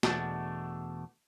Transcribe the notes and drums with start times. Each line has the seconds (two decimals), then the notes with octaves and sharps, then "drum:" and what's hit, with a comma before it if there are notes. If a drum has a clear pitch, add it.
0.03 E2 B2 A3 D4, drum: snare